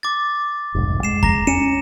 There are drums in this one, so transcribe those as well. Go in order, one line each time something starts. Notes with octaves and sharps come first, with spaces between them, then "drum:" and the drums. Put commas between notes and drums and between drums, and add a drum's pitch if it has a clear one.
D6 A6
F1 B1 G#2
G#3 C7 E7
A#5 A#6, drum: kick E2
C#4 C#7 D#7 E7